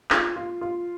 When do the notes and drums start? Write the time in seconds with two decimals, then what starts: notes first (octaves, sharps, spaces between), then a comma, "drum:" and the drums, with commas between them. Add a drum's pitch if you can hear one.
0.10 F4, drum: clap
0.36 F4
0.61 F4